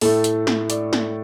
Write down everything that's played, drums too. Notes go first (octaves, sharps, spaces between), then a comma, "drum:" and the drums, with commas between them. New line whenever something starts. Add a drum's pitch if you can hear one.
A2 A3 A4, drum: open hi-hat
drum: hi-hat
drum: snare
D5, drum: hi-hat
drum: snare